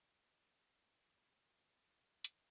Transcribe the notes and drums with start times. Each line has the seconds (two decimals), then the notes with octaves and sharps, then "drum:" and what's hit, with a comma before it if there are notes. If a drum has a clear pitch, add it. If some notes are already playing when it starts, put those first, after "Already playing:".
Already playing: B3 G#4 C#5
0.11 D#2
0.30 D#2
0.49 B3
0.69 D#3
0.88 D#3
1.01 B4
1.07 D#3 G#4 C#5
1.22 B4 D#5
1.28 D#3
1.36 D#5 G#5
1.47 B3 C#5 F#5
1.66 F#2 G#4 C#5
1.85 C#3
2.05 G#3
2.25 C#2, drum: hi-hat